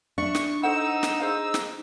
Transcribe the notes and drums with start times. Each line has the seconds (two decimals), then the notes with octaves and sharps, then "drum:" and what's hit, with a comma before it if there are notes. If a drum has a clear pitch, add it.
0.18 D4 E5 C#6
0.35 drum: snare
0.63 D#4 A4 C5 F#5 E6
1.03 drum: snare
1.20 G#4 C5 F5
1.54 drum: snare